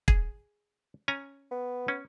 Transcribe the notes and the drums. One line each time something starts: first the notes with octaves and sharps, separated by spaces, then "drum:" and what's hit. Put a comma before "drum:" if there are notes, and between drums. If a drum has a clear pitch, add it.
G#4, drum: kick
C#4 G#5 A#5
B3
C#4